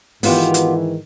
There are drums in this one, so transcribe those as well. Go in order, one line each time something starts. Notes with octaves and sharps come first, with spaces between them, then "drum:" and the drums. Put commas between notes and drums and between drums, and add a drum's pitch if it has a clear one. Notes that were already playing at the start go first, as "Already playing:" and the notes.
G#2 D#3 E3 B3 F4 G4, drum: open hi-hat
drum: hi-hat